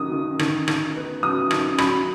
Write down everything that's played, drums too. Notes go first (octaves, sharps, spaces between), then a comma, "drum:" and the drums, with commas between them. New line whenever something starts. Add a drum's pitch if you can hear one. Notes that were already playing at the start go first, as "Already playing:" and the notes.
Already playing: D#3 F#3 D#6
D#3
D#3, drum: rim click
D#3, drum: rim click
B3
F#3 D#6
D#3 D#6, drum: rim click
F#3 B5, drum: rim click